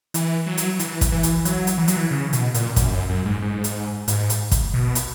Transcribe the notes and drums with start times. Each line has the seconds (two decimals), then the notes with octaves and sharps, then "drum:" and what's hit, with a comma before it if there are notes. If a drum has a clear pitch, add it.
0.14 E3, drum: hi-hat
0.46 F#3
0.57 drum: hi-hat
0.79 E3, drum: hi-hat
1.01 drum: kick, hi-hat
1.12 E3
1.23 drum: hi-hat
1.45 F#3, drum: hi-hat
1.67 drum: hi-hat
1.78 E3
1.88 F#3, drum: hi-hat
1.97 E3
2.11 C#3
2.33 B2, drum: hi-hat
2.54 A#2, drum: hi-hat
2.76 F#2, drum: kick, hi-hat
2.92 F#2
3.09 F#2
3.26 G#2
3.42 G#2
3.64 drum: hi-hat
4.08 G#2, drum: hi-hat
4.30 drum: hi-hat
4.51 drum: kick, hi-hat
4.74 B2
4.95 drum: hi-hat